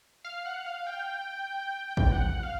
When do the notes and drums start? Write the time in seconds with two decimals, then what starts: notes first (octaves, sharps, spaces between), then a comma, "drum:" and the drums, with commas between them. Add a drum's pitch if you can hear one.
0.24 F5
0.46 F#5
0.66 F5
0.87 G5
1.97 drum: kick
2.12 F#5
2.43 F5